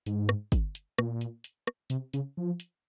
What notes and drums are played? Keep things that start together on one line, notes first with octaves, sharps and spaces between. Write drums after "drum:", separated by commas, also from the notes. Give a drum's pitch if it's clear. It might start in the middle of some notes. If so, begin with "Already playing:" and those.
G#2, drum: hi-hat
drum: rim click
drum: kick, hi-hat
drum: hi-hat
A#2, drum: rim click
drum: hi-hat
drum: hi-hat
drum: rim click
C3, drum: hi-hat
C#3, drum: hi-hat
F3
drum: hi-hat